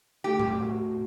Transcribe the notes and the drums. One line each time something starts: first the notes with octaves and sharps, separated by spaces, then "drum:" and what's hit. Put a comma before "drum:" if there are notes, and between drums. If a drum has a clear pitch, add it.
A3 G4
drum: tom A2
F#4